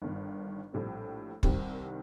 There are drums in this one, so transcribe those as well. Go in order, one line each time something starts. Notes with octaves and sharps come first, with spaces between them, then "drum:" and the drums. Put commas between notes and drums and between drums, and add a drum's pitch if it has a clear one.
G1 G2 D#3
A#1 A2 G3 C4
C2 C3 D#3 G3 C4, drum: kick